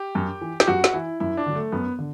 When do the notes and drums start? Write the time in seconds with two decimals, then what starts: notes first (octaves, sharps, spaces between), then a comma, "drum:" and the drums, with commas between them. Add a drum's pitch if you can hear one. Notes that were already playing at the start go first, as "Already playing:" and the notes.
Already playing: G4
0.15 F#2
0.41 E3
0.60 G4, drum: snare
0.67 F#2 F#4
0.84 drum: snare
0.94 E3 E4
1.20 F#2 E4
1.37 D4
1.46 D3 F#3
1.55 A3
1.72 F#2 B3
1.99 D3